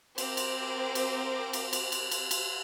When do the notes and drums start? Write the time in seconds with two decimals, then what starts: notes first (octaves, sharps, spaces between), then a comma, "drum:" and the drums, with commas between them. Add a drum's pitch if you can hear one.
0.18 C4 A#4 C5 D6, drum: cymbal
0.37 drum: cymbal
0.95 drum: cymbal
1.53 drum: cymbal
1.73 drum: cymbal
1.92 drum: cymbal
2.11 drum: cymbal
2.31 drum: cymbal